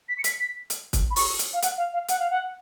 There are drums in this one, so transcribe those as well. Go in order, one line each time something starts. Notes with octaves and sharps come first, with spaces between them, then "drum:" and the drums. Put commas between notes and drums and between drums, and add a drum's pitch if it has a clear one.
B6
C#7
B6, drum: hi-hat
B6
drum: hi-hat
drum: kick, hi-hat
B5
C#6, drum: open hi-hat
drum: hi-hat
F5
F#5, drum: hi-hat
F5
F5
F#5, drum: hi-hat
F5
F#5